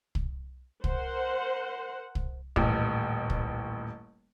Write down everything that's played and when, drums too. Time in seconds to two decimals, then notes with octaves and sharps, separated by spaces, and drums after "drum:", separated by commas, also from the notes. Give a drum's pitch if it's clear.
0.15 drum: kick
0.84 A#4 C5 F#5, drum: kick
2.15 drum: kick
2.56 D#1 A1, drum: kick
3.30 drum: kick